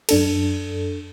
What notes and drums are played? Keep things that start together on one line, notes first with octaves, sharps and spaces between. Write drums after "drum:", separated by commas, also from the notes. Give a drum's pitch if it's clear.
F#2 D4 A4, drum: cymbal